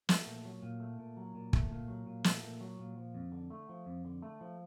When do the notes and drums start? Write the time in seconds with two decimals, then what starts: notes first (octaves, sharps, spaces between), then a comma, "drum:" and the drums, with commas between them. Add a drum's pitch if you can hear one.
0.09 A3, drum: snare
0.26 A#2
0.45 F#3
0.63 A#2
0.80 A3
0.99 A#2
1.17 F#3
1.35 A#2
1.53 A3, drum: kick
1.71 A#2
1.88 F#3
2.07 A#2
2.24 A3, drum: snare
2.43 A#2
2.61 F#3
2.79 A#2
2.97 F3
3.15 F2
3.32 D3
3.50 A3
3.69 F3
3.86 F2
4.05 D3
4.22 A3
4.41 F3